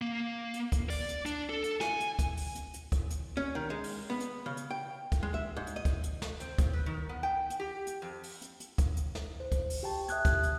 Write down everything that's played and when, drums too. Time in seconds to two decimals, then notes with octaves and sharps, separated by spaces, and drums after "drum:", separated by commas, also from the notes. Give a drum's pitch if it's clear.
0.01 A#3
0.54 drum: hi-hat
0.72 drum: kick, hi-hat
0.90 D5, drum: open hi-hat
1.09 drum: hi-hat
1.26 D4, drum: hi-hat
1.49 A4
1.64 drum: hi-hat
1.81 G#5, drum: snare
2.00 drum: hi-hat
2.19 drum: kick, hi-hat
2.37 drum: open hi-hat
2.55 drum: hi-hat
2.74 drum: hi-hat
2.92 drum: kick, hi-hat
3.10 drum: hi-hat
3.37 C#4
3.55 D#3
3.70 G#3
3.84 drum: open hi-hat
4.10 B3
4.20 drum: hi-hat
4.46 C#3
4.57 drum: hi-hat
4.70 G5
5.12 drum: kick, hi-hat
5.23 G#3
5.34 E5
5.56 G#2
5.67 drum: hi-hat
5.76 D#5
5.85 drum: kick, hi-hat
6.04 drum: hi-hat
6.22 drum: snare
6.40 C4, drum: hi-hat
6.58 drum: kick, hi-hat
6.73 B4
6.86 D#3
7.09 B3
7.23 G5
7.50 drum: hi-hat
7.60 G4
7.87 drum: hi-hat
8.02 F2
8.23 drum: open hi-hat
8.42 drum: hi-hat
8.60 drum: hi-hat
8.78 drum: kick, hi-hat
8.97 drum: hi-hat
9.15 drum: snare
9.40 C5
9.52 drum: kick, hi-hat
9.70 drum: open hi-hat
9.83 G4 G5 A5
10.09 E5 D#6 F#6 G#6, drum: hi-hat
10.25 drum: kick, hi-hat
10.43 drum: hi-hat